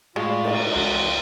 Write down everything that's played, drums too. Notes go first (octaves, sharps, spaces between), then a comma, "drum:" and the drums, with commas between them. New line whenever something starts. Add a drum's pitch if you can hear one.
A2 G#3 F4
D5
drum: cymbal
C#2 C4 F4 F#4 F5